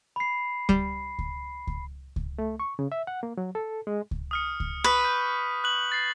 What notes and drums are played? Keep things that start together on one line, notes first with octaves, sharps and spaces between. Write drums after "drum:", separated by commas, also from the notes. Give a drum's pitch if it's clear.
B5 C7
G3, drum: kick C#2
drum: kick C#2
drum: kick C#2
drum: kick C#2
A3
C#6
C#3
E5
F#5
A#3
F#3
A4
G#3
drum: kick C#2
D#6 F6 C#7
drum: kick C#2
B4 C#6 D#6 B6
G6
F#6 F#7
A6 C7